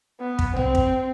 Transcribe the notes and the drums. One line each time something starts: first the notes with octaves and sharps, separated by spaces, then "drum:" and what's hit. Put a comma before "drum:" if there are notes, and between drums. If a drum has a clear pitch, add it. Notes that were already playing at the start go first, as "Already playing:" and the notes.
B3
drum: kick
C4, drum: tom
drum: kick